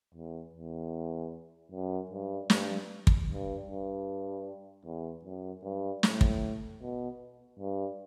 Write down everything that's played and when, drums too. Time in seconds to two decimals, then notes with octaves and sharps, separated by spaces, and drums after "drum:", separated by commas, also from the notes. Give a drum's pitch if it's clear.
0.14 E2
0.53 E2
1.71 F#2
2.11 G2
2.50 G2, drum: snare
3.07 drum: kick
3.28 G2
3.67 G2
4.85 E2
5.24 F#2
5.63 G2
6.03 A2, drum: snare
6.21 drum: kick
6.81 B2
7.59 G2